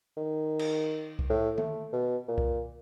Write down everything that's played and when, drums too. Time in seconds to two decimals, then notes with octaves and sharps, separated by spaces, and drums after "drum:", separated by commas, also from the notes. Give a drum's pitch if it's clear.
0.17 D#3
0.59 drum: cymbal
1.19 drum: kick C2
1.29 A2
1.58 A3, drum: tom D#3
1.93 B2
2.28 A#2
2.38 drum: kick C2